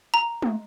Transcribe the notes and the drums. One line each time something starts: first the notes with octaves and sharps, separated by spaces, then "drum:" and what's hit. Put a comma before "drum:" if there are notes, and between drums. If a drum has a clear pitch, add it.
A#5
drum: tom G#3